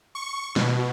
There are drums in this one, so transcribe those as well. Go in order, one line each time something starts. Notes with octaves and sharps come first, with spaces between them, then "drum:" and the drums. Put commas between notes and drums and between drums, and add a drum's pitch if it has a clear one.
C#6
B2, drum: snare